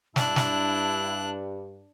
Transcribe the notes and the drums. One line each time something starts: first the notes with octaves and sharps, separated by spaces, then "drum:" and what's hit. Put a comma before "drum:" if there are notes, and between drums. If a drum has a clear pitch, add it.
G2 D4 E4 A5 F#6, drum: snare
drum: snare